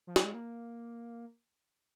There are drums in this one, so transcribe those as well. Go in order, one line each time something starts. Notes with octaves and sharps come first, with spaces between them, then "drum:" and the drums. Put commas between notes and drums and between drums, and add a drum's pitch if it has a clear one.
F3
F#3, drum: snare
G#3
A#3